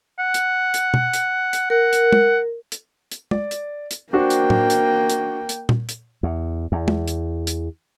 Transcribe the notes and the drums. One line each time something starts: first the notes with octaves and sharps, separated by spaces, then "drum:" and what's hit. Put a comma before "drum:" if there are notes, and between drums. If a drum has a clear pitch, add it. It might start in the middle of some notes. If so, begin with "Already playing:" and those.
F#5
drum: hi-hat
drum: hi-hat
drum: tom B2
drum: hi-hat
drum: hi-hat
A#4 F#5
drum: hi-hat
drum: tom
drum: hi-hat
drum: hi-hat
D5, drum: tom
drum: hi-hat
drum: hi-hat
A#3 D4 F#4 C5 G5
drum: hi-hat
drum: tom A2
drum: hi-hat
drum: hi-hat
drum: hi-hat
drum: tom A#2
drum: hi-hat
E2
E2
drum: tom
drum: hi-hat
drum: hi-hat